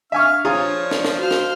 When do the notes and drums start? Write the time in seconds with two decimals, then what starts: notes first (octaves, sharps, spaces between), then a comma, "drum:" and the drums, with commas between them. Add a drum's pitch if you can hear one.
0.12 D4 E5 F5 G#5 C#6 F6
0.45 F3 F4 G#4 C#5 A#5
0.82 D5
0.91 drum: snare
1.05 drum: snare
1.18 F#4 C5 F5 F6
1.31 drum: snare